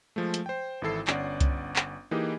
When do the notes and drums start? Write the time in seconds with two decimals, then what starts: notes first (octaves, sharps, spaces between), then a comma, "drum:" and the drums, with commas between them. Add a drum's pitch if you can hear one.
0.16 F3 G#3 A3
0.34 drum: hi-hat
0.46 C5 G5
0.82 G#1 E3 E4 A4 C7
1.07 G1 C#4 D5 F#5, drum: clap
1.40 drum: kick C2, hi-hat
1.76 drum: clap
2.11 E3 A#3 D#4 G4 G#4 D#5